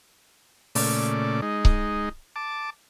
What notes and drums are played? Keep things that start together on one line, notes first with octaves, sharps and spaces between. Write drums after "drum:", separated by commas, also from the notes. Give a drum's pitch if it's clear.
A#2 C#3 A3 D5, drum: open hi-hat
G#3 D#4
drum: kick C#1
A5 D6